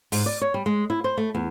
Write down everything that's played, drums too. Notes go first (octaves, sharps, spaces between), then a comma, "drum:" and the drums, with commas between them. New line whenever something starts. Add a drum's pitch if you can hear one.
G#2, drum: open hi-hat
D5
C#5
G3
G#3
E4
C5
A3
E2